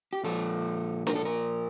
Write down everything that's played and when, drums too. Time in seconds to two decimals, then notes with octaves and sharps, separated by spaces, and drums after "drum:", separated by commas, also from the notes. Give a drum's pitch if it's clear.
0.13 G4
0.24 A#2 F3 A4
1.07 A#4, drum: snare D4
1.15 A4
1.25 A#4